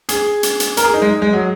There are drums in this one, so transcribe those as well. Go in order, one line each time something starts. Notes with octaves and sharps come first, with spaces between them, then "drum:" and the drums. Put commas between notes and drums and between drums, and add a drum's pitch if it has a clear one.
G#4, drum: hi-hat
drum: hi-hat
drum: hi-hat
A#4, drum: hi-hat
G#4
D#4
G#3
G#3
F#3